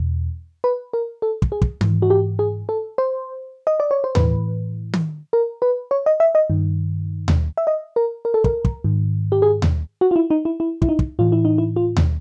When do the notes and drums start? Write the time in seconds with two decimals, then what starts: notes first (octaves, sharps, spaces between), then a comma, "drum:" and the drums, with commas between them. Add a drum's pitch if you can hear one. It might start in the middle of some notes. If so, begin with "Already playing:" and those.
Already playing: E2 B2
0.64 B4
0.93 A#4
1.22 A4
1.42 drum: kick
1.52 G#4
1.62 drum: kick
1.81 G#2 E3, drum: tom D#3
2.02 F#4
2.10 G4
2.39 G#4
2.69 A4
2.98 C5
3.67 D#5
3.80 D5
3.91 C#5
4.04 C5
4.15 A2 E3 B4, drum: tom D#2
4.94 drum: tom D#3
5.33 A#4
5.62 B4
5.91 C#5
6.06 D#5
6.20 E5
6.35 D#5
6.50 G2 D#3
7.28 drum: tom D#2
7.57 E5
7.67 D#5
7.96 A#4
8.25 A#4
8.34 A4
8.44 A#4, drum: kick
8.65 drum: kick
8.84 G#2 D#3
9.32 G4
9.42 G#4
9.62 drum: tom D#2
10.01 F#4
10.11 F4
10.16 E4
10.30 D#4
10.45 E4
10.60 E4
10.82 E4, drum: kick
10.89 D#4
10.99 drum: kick
11.19 A2 E3 F4
11.32 E4
11.45 D#4
11.58 E4
11.76 F4
11.97 drum: tom D#2